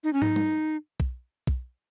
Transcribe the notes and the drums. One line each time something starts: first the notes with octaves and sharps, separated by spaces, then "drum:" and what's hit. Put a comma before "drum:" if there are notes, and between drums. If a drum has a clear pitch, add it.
D#4
C#4
D#4, drum: tom
drum: tom
drum: kick B1
drum: kick B1